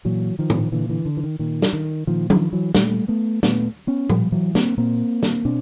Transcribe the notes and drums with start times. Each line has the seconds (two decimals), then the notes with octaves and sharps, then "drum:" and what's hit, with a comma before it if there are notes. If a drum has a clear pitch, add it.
0.05 A#2 E3 F#3
0.39 D#3 F3
0.50 drum: tom A2
0.72 A#2 D3 E3
0.89 D3 E3
1.06 D3
1.17 E3
1.24 D#3
1.39 A#2 D#3
1.62 drum: snare
1.73 D#3
2.07 A#2 D#3 F3
2.30 D#3 F3, drum: tom F#3
2.53 E3 F#3
2.75 A#2 G3 A3, drum: snare
3.08 A3 B3
3.43 A#2 A3 B3, drum: snare
3.87 B3 C#4
4.10 A#2 F3 G3, drum: tom A2
4.32 E3 F#3
4.55 A#3 C4, drum: snare
4.77 A#2 A#3 C4
5.23 drum: snare
5.45 B2 C4 D4